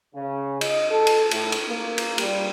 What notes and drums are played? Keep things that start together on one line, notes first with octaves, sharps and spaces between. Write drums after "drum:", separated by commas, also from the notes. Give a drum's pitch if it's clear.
C#3
D#5, drum: cymbal
A4
drum: cymbal
A2, drum: cymbal
drum: cymbal
A#3
drum: cymbal
G3, drum: cymbal